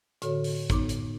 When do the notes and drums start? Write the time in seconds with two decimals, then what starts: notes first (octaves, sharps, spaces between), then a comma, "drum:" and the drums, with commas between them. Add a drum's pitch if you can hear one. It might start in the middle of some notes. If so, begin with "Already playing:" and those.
0.22 A2 D3 F#4 A4 C#5, drum: hi-hat
0.44 drum: open hi-hat
0.70 A2 B3 D#4 D6, drum: kick, hi-hat
0.89 drum: hi-hat